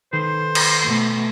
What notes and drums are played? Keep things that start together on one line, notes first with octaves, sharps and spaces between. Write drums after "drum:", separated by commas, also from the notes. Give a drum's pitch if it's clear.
D#3 A4 B4 C5
drum: cymbal
B2 A3